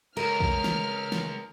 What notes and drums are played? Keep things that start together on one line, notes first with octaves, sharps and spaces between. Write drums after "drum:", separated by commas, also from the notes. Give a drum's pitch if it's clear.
C#2 A#4 F6
drum: kick
drum: snare
drum: snare